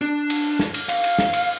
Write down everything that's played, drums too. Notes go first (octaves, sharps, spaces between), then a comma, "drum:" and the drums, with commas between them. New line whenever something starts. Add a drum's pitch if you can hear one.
D4
drum: cymbal
drum: snare
drum: cymbal
F5, drum: cymbal
drum: cymbal
drum: snare
drum: cymbal